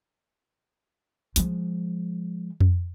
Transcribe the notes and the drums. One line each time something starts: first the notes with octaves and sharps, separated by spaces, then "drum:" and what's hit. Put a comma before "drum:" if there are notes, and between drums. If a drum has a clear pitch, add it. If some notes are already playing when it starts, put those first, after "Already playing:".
F3 G#3, drum: hi-hat
drum: tom F2